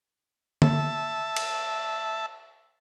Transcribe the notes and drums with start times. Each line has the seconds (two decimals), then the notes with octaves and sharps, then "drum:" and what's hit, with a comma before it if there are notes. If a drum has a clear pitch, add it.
0.62 E5 A5, drum: tom D3
1.36 drum: cymbal